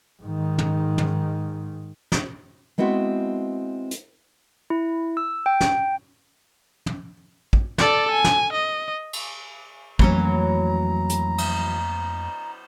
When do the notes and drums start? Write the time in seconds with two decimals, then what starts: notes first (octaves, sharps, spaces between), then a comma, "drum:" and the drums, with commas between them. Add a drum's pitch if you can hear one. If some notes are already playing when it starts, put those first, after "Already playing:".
0.23 G#2 D#3
0.58 drum: tom
0.98 drum: tom
2.12 drum: snare
2.78 G#3 B3 C4 E4 F#4
3.91 drum: hi-hat
4.70 E4
5.17 E6
5.46 G5
5.61 drum: snare
6.86 drum: tom
7.53 drum: kick
7.78 A4 D5, drum: snare
8.12 G#5
8.24 drum: snare
8.53 D#5
9.13 drum: cymbal
9.99 F2 E3 F#3 A3 A#3 C#4 A#5, drum: kick
11.09 drum: hi-hat
11.38 drum: cymbal